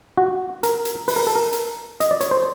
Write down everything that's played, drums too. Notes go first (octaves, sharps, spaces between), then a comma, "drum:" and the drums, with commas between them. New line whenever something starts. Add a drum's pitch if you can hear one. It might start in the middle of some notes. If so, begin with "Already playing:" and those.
F#4
A#4, drum: hi-hat
drum: hi-hat
B4, drum: open hi-hat
A#4
A4
A#4
drum: hi-hat
D#5, drum: hi-hat
D5
C#5, drum: hi-hat
C5